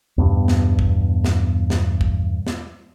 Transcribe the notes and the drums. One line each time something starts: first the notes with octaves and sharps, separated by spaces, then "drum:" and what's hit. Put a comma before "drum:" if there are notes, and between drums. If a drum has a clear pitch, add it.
E2 G2 B2
drum: snare
drum: kick
drum: snare
drum: snare
drum: kick
drum: snare